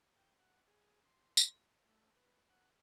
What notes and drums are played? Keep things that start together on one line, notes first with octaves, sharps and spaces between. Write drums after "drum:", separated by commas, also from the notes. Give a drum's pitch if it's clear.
G5
F#5
G#4
C6
drum: tambourine
A3
B4
F#5